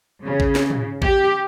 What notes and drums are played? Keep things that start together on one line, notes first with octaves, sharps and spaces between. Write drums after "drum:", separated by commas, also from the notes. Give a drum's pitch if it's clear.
C#3
drum: kick A1
drum: snare
drum: tom
G4, drum: kick A1